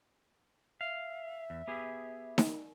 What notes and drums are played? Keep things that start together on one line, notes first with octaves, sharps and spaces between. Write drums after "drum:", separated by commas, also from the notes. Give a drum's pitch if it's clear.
E5 F5
E2
B3 G4 G#4
drum: snare D#4